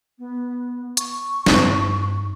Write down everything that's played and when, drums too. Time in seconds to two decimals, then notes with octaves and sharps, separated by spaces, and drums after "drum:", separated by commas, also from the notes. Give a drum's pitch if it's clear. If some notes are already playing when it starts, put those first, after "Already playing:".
0.18 B3
0.97 C#6, drum: hi-hat
1.46 G2 D#4, drum: snare